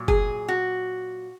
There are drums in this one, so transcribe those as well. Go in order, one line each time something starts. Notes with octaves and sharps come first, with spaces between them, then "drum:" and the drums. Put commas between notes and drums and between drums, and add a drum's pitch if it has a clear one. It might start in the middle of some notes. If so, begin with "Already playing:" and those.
Already playing: A#2 F#3
G#4, drum: kick F#1
F#4